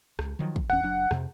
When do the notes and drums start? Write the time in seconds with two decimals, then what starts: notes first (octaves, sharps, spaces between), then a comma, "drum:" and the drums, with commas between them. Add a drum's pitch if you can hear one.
0.19 C#2, drum: rim click
0.39 D#3 F3 F#3
0.56 drum: kick
0.70 F1 E2 C#4 F#5
0.82 F#1 F#3 D4
1.11 F2 C3, drum: rim click